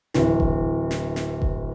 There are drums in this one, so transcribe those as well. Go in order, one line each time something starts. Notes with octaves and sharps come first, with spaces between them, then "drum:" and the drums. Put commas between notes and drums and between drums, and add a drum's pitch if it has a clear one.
D1 E3, drum: snare
drum: kick F#1
drum: snare
drum: snare
drum: kick F#1